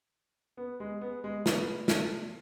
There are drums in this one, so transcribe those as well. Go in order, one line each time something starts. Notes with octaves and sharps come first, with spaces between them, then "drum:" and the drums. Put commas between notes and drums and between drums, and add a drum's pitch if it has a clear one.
B3
G#3
B3
G#3
B3, drum: snare
drum: snare